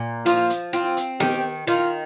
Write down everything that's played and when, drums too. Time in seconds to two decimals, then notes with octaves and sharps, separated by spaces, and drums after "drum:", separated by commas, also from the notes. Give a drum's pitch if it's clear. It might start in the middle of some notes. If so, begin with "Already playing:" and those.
Already playing: A#2
0.26 F3 F4, drum: hi-hat
0.50 drum: hi-hat
0.73 C4 F4, drum: hi-hat
0.97 drum: hi-hat
1.20 D#3 G4, drum: snare B3
1.67 D#3 F4, drum: hi-hat